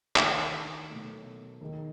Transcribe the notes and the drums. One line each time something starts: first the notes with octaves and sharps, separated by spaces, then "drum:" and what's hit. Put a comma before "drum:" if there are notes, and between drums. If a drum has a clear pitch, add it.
D#2 D#3 A3 E4, drum: clap
B2 F#3 A3
D#2 D#3 G#3 D#4 G#4